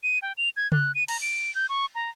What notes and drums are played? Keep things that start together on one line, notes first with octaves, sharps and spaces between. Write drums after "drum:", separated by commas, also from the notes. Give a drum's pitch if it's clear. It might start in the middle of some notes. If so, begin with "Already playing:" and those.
D#7
G5
F7
G#6
F#6, drum: tom C#3
D#7
A#5, drum: cymbal
D7
G6
C#6
A#5